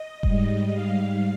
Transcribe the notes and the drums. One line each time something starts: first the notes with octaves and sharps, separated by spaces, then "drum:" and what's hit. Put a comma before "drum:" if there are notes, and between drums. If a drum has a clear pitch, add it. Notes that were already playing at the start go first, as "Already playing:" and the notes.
Already playing: D#5
G#2 G3, drum: kick F1
G#2 G3 F5